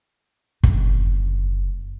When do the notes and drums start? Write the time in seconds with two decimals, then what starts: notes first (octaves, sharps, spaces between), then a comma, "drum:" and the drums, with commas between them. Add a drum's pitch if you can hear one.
0.63 F#1 D3, drum: kick G1